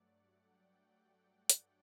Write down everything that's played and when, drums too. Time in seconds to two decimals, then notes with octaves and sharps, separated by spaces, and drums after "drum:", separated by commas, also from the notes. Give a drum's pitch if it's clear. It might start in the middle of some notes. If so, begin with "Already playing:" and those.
Already playing: G2 F#3 A3 D5 F#5
0.30 G5
1.50 drum: hi-hat